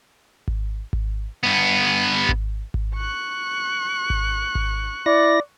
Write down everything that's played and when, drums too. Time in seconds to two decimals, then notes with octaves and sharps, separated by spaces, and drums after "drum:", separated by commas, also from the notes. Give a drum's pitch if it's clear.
0.48 drum: kick G#1
0.93 drum: kick G#1
1.43 G2 B3
2.29 drum: kick G#1
2.74 drum: kick G#1
2.97 C#6 F#6
4.10 drum: kick G#1
4.55 drum: kick G#1
5.06 E4 D5 A#6